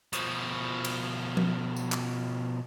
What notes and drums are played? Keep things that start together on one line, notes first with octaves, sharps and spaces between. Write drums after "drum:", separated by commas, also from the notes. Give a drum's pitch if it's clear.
B2 F3, drum: hi-hat
drum: cymbal
drum: tom F3
drum: tambourine
drum: clap